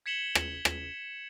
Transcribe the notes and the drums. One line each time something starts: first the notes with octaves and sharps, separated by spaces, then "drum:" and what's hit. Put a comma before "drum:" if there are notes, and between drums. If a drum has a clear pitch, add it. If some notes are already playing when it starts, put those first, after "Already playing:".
G#6 B6 C#7 E7 F#7 G7
drum: rim click
drum: rim click